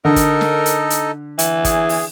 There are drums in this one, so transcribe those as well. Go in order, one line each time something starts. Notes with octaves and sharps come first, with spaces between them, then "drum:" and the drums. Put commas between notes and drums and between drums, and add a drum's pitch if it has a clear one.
D3 D#4 A4 A#4 D#5
drum: kick, hi-hat
drum: snare
drum: hi-hat
drum: hi-hat
E3, drum: hi-hat
G#4, drum: kick, hi-hat
drum: open hi-hat